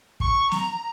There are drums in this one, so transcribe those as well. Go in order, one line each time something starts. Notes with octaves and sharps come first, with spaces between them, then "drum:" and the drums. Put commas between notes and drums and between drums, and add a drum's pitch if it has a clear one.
C#6, drum: kick
A#5, drum: snare